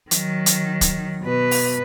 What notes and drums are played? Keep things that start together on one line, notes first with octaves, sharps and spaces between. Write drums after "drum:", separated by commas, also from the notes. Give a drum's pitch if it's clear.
D#3 F#3, drum: hi-hat
drum: hi-hat
drum: kick, hi-hat
B2 B4
drum: open hi-hat